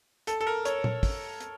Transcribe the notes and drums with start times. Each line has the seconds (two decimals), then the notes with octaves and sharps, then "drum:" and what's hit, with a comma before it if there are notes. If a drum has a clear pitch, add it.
0.27 A4, drum: hi-hat
0.40 A4
0.47 A#4
0.65 C#5, drum: hi-hat
0.84 drum: tom A#2
1.03 drum: kick, open hi-hat
1.40 drum: hi-hat